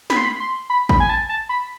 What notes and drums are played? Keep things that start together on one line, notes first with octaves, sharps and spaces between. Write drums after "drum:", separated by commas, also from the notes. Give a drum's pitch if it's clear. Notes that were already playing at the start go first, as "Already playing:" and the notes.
B5, drum: snare
C6
B5
C6
B5
B5, drum: kick A1
G#5
A5
A5
B5